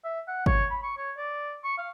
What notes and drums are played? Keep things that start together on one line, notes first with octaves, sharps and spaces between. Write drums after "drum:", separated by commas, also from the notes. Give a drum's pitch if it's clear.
E5
F#5
C#5, drum: kick
B5
C#6
C#5
D5
C#6
F5